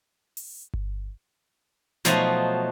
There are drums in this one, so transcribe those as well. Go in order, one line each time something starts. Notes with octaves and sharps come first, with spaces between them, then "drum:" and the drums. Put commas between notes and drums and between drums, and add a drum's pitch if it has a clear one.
drum: open hi-hat
drum: kick G1
B2 F3 F#3 A3 D#4 F#4, drum: snare